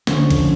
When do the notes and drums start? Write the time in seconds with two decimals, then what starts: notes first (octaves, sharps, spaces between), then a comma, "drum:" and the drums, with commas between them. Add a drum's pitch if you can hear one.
0.07 D2 D3 F3 C#4, drum: snare
0.30 drum: kick B1, cymbal